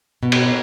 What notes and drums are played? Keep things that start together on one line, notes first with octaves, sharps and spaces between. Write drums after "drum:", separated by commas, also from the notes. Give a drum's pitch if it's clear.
B2
drum: cymbal